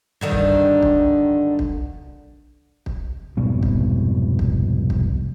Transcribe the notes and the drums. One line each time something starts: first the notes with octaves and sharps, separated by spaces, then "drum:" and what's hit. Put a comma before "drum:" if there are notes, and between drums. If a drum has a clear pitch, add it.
G2 D3 D#3
drum: kick
drum: kick
drum: kick
drum: kick
F1 C2 G#2 B2
drum: kick
drum: kick
drum: kick